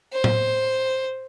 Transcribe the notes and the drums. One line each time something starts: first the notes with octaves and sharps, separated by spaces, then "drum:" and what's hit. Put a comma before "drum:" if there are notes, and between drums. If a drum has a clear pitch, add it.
C5
drum: tom A2